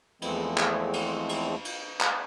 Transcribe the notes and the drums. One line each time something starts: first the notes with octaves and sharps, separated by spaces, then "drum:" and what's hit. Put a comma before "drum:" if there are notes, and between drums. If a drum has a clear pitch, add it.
E2 E3 F3 G#3 A3 C4, drum: cymbal
drum: clap
drum: cymbal
drum: cymbal
drum: cymbal
drum: clap